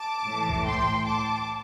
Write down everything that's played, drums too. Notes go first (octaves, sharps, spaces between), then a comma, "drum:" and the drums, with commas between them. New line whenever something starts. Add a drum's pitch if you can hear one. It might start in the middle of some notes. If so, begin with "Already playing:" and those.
Already playing: A5 D6
A2 E3
drum: kick B1
G5 C6
A5 D6